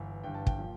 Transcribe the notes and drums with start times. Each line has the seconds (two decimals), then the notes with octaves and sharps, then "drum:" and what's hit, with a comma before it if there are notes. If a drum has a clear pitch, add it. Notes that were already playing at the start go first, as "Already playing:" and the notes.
Already playing: G1 E3
0.23 G1 G2 E3 G5
0.34 A5
0.47 G5, drum: kick
0.58 A#2 F3